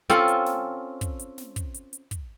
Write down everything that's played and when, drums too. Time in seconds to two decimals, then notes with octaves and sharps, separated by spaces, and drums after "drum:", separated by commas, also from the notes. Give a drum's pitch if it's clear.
0.10 C4 C#4 F4 A4, drum: hi-hat
0.28 drum: hi-hat
0.46 drum: snare
1.01 drum: kick, hi-hat
1.19 drum: hi-hat
1.38 drum: snare
1.56 drum: kick, hi-hat
1.74 drum: hi-hat
1.93 drum: hi-hat
2.11 drum: kick, hi-hat